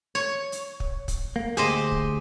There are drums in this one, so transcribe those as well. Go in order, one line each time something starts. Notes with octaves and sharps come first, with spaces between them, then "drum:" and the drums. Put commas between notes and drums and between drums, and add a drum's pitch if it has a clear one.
C#5
drum: hi-hat
drum: kick
drum: kick, hi-hat
A#3
D2 G#2 G4 G#4 C5 D#5
drum: kick